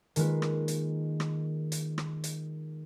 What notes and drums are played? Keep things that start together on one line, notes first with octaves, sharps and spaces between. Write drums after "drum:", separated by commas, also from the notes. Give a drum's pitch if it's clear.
D#3 G#3 A#3 F4 B4, drum: hi-hat
drum: rim click
drum: hi-hat
drum: rim click
drum: hi-hat
drum: rim click
drum: hi-hat